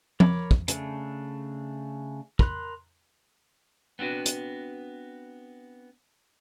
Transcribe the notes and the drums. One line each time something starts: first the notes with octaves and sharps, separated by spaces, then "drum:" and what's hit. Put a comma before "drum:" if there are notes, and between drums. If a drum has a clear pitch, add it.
A#4 C#5 B5 D6, drum: tom F3
drum: kick
C#3 A3 D4, drum: hi-hat
A#4 B5 C6 F#6, drum: kick
B3 C4 D4 F#4 B4
drum: hi-hat